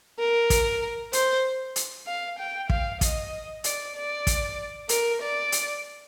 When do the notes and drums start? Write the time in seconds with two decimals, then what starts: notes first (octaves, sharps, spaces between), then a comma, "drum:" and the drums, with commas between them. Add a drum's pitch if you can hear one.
0.19 A#4
0.50 drum: kick, hi-hat
1.13 C5, drum: hi-hat
1.76 drum: hi-hat
2.07 F5
2.39 G5
2.70 F5, drum: kick
3.01 D#5, drum: kick, hi-hat
3.64 D5, drum: hi-hat
3.95 D5
4.27 drum: kick, hi-hat
4.89 A#4, drum: hi-hat
5.21 D5
5.52 drum: hi-hat